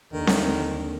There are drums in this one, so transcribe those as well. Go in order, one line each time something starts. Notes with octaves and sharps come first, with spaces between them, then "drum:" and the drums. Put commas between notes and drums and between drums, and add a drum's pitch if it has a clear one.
D#2 D3 D#3
drum: snare C4